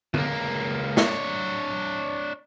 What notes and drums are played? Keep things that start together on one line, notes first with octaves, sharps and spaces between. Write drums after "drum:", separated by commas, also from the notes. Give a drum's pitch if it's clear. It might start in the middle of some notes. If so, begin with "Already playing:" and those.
C#2 A#3, drum: tom D3
D4 C#5, drum: snare